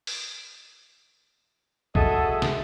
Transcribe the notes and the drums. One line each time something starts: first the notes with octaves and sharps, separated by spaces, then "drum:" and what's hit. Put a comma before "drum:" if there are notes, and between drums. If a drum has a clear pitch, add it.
drum: open hi-hat
F#4 G#4 A4 D#5 E5, drum: kick B1
drum: snare